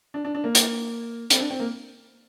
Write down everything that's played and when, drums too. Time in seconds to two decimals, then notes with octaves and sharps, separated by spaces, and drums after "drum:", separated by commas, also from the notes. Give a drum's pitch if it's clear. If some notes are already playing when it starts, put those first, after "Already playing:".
0.14 D4
0.25 D4
0.35 D4
0.44 A#3
0.55 drum: hi-hat
1.30 C4, drum: hi-hat
1.40 D4
1.50 C4
1.60 A#3